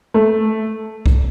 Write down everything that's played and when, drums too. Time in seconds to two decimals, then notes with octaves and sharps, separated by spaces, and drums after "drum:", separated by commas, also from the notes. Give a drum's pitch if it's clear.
0.14 A3
1.06 drum: kick B1